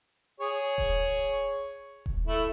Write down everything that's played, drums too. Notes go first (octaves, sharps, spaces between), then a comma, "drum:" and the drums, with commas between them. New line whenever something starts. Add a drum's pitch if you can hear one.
G#4 C#5
drum: kick D#1
drum: kick D#1
A3 E4